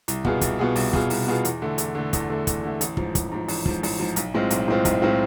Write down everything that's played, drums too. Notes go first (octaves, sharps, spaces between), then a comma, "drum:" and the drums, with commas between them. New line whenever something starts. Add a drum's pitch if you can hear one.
C2, drum: hi-hat
B2 B3 F4 G#4, drum: kick
C2, drum: kick, hi-hat
B2 B3 F4 G#4
C2, drum: open hi-hat
B2 B3 F4 G#4, drum: kick
C2, drum: open hi-hat
B2 B3 F4 G#4
E2, drum: hi-hat
D3 A3
E2, drum: hi-hat
D3 A3
E2, drum: kick, hi-hat
D3 A3
E2, drum: kick, hi-hat
D3 A3
A1, drum: hi-hat
G#2 F3, drum: kick
A1, drum: kick, hi-hat
G#2 F3
A1, drum: open hi-hat
G#2 F3, drum: kick
A1, drum: open hi-hat
G#2 F3
B1, drum: hi-hat
A2 G#3 C4 F4
B1, drum: hi-hat
A2 G#3 C4 F4
B1, drum: kick, hi-hat
A2 G#3 C4 F4